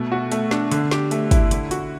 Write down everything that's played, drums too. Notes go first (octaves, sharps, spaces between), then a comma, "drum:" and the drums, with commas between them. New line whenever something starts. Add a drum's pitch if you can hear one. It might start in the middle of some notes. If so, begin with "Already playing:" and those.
Already playing: B2 A3
F#4
A3, drum: hi-hat
D4, drum: snare
D3, drum: hi-hat
G4, drum: snare
A3, drum: hi-hat
E4, drum: kick, hi-hat
D3, drum: hi-hat
F#4, drum: hi-hat